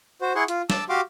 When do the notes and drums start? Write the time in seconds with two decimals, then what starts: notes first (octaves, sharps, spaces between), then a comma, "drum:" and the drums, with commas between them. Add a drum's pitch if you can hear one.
0.21 F#4 C5
0.35 E4 G#4 F#5 C6 C#6
0.48 F4, drum: hi-hat
0.70 A5 D6 E6, drum: snare
0.89 F#4 G4 F5 C6 D6